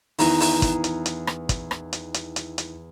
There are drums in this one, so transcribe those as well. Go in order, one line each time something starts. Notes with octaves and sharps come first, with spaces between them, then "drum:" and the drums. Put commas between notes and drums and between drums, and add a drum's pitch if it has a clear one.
E2 D#3 E3 A#5, drum: open hi-hat
drum: open hi-hat
drum: kick, hi-hat
drum: hi-hat
drum: hi-hat
drum: rim click
drum: kick, hi-hat
drum: rim click
drum: hi-hat
drum: hi-hat
drum: hi-hat
drum: hi-hat